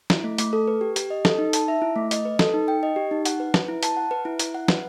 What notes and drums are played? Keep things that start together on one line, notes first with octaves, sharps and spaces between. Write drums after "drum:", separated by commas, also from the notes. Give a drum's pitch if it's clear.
E4, drum: snare
A3
A3, drum: hi-hat
A4
B4
G4
G4, drum: hi-hat
D#5
A4, drum: snare
D#4
A5, drum: hi-hat
E5
E4
A3
D#5, drum: hi-hat
B4
A4, drum: snare
D#4
G5
D#5
G4
D#4
F#5, drum: hi-hat
B4
B4, drum: snare
E4
A5, drum: hi-hat
F#5
B4
E4
E4, drum: hi-hat
F#5
B4, drum: snare